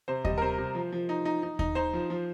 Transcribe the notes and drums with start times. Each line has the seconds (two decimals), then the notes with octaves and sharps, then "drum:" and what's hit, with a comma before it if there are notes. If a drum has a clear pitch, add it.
0.08 C3 C5
0.25 G3 D#5, drum: kick D#2
0.38 A#4
0.41 C3 C5
0.58 C3
0.75 F3
0.92 F3
1.09 D#4
1.25 D#4
1.43 D#4
1.59 D#4, drum: kick D#2
1.75 D#4 C5
1.93 F3
2.10 F3